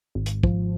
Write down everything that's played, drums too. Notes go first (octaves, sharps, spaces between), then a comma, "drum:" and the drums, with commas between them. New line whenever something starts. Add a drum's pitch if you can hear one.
G#1
drum: hi-hat
F3, drum: kick